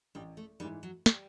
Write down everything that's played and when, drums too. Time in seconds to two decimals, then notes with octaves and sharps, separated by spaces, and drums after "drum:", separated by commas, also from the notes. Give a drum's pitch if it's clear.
0.15 A1 G3
0.37 A3
0.60 G#2 E3 G3
0.83 F#3
1.06 G3, drum: snare